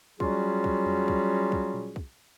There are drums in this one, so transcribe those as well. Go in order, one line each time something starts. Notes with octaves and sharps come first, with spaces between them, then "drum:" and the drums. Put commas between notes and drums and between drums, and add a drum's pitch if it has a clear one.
F#3 G3 C#4 F4 F#4 G#4, drum: kick
drum: kick
drum: tom E2
drum: kick
drum: kick
drum: tom A#2
drum: kick